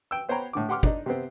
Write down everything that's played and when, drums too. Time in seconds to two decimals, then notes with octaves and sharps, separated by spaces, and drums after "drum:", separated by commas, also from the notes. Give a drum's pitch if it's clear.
0.11 G5 E6
0.29 B3 C5 C#5 G5 A#5 B5
0.53 A2 D3 D6
0.69 G4 F#5 C6 D6 F6
0.83 D4 D#4, drum: kick
1.06 C3 B3 C4